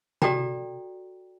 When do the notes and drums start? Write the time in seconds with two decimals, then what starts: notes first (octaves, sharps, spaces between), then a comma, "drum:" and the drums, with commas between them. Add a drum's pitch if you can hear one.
0.22 F#4 A4 D5 G5 A#5, drum: tom C3